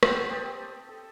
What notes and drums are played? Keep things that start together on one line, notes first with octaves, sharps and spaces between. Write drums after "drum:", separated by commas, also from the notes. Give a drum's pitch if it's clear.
D#5 F#5 G5, drum: rim click
C4 G4 D#5 A5
A4